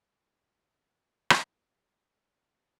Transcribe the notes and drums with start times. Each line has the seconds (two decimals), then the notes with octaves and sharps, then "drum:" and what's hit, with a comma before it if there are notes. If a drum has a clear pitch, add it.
0.22 D#4 A#4 A#5 B5 D6
0.49 C3 A3 A#3 C#4 F4 G#4
1.30 drum: rim click
1.93 G2
2.16 F#2 G#3 G#4
2.44 A1 A5 A#5